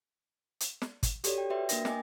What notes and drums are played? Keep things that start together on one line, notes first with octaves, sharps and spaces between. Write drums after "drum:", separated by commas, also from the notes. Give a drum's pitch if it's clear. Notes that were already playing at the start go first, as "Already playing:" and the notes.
drum: hi-hat
drum: snare
drum: kick, hi-hat
F#4 G4 A4 C#5 D5, drum: hi-hat
G5
F#4 B4 D5 E5 G5 C6
A#3 D4 A#4 A#6, drum: hi-hat
D#5 G5 G#5 D6, drum: snare